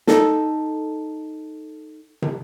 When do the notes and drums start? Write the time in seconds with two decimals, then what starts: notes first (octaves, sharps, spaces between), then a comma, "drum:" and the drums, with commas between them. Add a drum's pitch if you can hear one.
0.07 D#4 A4, drum: snare
2.22 drum: tom